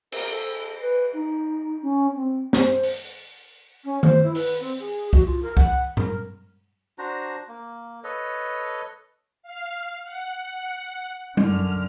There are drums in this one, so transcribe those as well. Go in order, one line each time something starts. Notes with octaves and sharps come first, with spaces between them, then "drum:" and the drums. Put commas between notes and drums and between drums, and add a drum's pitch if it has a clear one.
A#4, drum: cymbal
A4
B4
D#4
C#4
C4
C5, drum: snare
drum: open hi-hat
C#4
C5, drum: tom D#3
E4
B4, drum: open hi-hat
C4
G#4
F#4, drum: kick C2
F4
A#4
F#5, drum: kick C2
A#4, drum: tom A2
D4 F#4 C5 A#5
A#3
A4 B4 C#5 D#5
F5
F#5
F#2 D3 F6, drum: tom G3